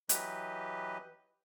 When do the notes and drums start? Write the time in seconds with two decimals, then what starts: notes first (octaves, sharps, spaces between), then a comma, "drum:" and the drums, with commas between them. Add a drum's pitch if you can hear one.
0.09 E3 F#3 G4 B4 D#5, drum: hi-hat